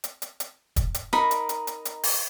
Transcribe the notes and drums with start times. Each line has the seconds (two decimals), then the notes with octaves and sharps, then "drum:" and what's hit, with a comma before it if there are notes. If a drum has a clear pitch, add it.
0.04 drum: hi-hat
0.22 drum: hi-hat
0.40 drum: hi-hat
0.76 drum: kick, hi-hat
0.94 drum: hi-hat
1.13 D#4 A#4 B5, drum: rim click
1.31 drum: hi-hat
1.49 drum: hi-hat
1.67 drum: hi-hat
1.85 drum: hi-hat
2.04 drum: open hi-hat